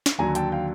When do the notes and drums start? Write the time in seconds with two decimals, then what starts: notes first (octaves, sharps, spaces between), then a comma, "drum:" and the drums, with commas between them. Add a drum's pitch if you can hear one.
0.06 drum: snare
0.18 D#2 D3 F#3 G#5 A#5
0.35 G5 A5, drum: hi-hat
0.52 F5 G5